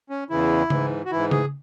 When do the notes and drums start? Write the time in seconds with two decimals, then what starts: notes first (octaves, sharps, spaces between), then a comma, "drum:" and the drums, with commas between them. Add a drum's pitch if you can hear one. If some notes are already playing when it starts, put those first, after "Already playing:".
0.10 C#4
0.30 E2 C#3 E3 E4
0.70 G#2 E3, drum: tom C#3
1.05 F#4
1.11 G#2 E3 E4
1.31 G#4, drum: tom C#3